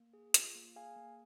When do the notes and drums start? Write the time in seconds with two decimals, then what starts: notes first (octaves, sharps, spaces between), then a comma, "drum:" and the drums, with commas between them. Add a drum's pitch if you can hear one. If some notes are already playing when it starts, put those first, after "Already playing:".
Already playing: A#3
0.13 G#4
0.34 F4, drum: hi-hat
0.55 A#3
0.76 G#4 F5 G#5
0.96 A#3